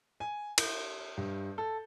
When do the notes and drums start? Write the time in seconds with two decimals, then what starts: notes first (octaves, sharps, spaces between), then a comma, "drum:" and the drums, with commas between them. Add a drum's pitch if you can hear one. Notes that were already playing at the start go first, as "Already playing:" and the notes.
0.20 G#5
0.58 G6, drum: cymbal
1.17 G2
1.58 A4